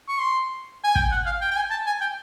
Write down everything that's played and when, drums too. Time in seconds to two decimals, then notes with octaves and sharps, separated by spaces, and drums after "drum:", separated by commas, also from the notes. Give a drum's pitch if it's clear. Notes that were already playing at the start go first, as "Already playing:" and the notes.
0.09 C#6
0.20 C6
0.84 G#5
0.95 G5, drum: kick
1.11 F#5
1.26 F5
1.41 G5
1.51 G5
1.56 G#5
1.71 A5
1.86 G#5
2.01 G5